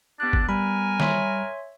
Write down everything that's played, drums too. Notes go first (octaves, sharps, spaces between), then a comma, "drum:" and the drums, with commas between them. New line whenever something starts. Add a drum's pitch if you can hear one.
B3 D4 G4 F#6
drum: kick G1
G3 A#4 G#5 B5
C#5 E5 C6, drum: snare D#3